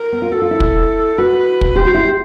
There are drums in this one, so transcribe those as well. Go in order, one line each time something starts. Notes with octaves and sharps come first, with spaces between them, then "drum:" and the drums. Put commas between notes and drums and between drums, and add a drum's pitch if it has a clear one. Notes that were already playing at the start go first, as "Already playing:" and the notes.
Already playing: A#4
B3
F4
F#4 A4
F4
E4
drum: kick
F#4 B4
drum: kick
G4 C5
F#4
E4
G4